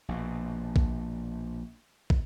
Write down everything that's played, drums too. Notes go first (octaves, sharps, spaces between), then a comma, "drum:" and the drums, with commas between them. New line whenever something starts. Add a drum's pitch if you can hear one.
A#1 B2
drum: kick
drum: kick